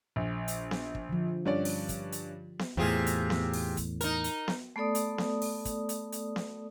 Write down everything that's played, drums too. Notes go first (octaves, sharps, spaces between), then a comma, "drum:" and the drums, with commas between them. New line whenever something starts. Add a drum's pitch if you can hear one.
A#1
drum: hi-hat
drum: snare B3
drum: kick
D3 F3
G2 C#4 G4 D5
drum: open hi-hat
drum: kick, hi-hat
drum: hi-hat
drum: snare B3
E2 A2 C3 F4 G#4
drum: hi-hat
drum: snare B3
drum: open hi-hat
drum: kick, hi-hat
D#4 A#4, drum: hi-hat
drum: hi-hat
drum: snare B3
A3 B3 A4 D5 D#6
drum: hi-hat
drum: snare B3
drum: open hi-hat
drum: kick, hi-hat
drum: hi-hat
drum: hi-hat
drum: snare B3